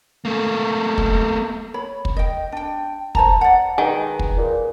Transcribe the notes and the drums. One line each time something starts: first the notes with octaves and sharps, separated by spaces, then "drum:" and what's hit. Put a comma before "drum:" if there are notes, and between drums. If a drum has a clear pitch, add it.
A3 A#3
drum: kick
C#5 B5
drum: kick
D#5 G5
D4 G5
C5 A5 A#5, drum: kick
D5 F#5
D#3 G#4 B4 G#5
drum: kick
A#2